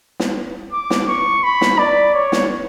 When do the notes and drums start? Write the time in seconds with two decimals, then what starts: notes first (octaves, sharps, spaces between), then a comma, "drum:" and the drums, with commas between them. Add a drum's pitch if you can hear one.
0.20 drum: snare
0.72 D6
0.90 drum: snare
1.08 C#6
1.43 B5
1.61 drum: snare
1.79 D5
2.14 C#5
2.32 drum: snare